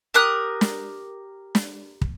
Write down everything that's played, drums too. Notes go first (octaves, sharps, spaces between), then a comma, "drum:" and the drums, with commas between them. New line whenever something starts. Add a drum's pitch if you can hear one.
G4 A#4 D#6 F#6
drum: snare
drum: snare
drum: kick